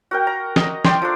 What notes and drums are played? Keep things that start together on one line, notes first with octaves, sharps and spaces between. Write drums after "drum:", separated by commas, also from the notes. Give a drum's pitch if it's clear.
F#4 A#4 G5
A#5
D#5 A#5, drum: snare
D5 G5 C6, drum: snare
F3 A3 D4